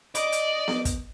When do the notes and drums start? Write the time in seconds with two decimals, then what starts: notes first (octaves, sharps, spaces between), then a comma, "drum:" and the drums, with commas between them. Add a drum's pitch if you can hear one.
0.15 D5 D#5 D6, drum: hi-hat
0.32 drum: hi-hat
0.68 drum: snare B3
0.85 drum: kick, hi-hat